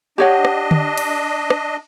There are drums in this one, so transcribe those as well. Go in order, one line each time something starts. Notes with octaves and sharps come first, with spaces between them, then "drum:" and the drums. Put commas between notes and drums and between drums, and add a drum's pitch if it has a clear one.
D4 G4 C#5 D#5 F#5
drum: rim click
drum: tom D3
drum: cymbal
drum: rim click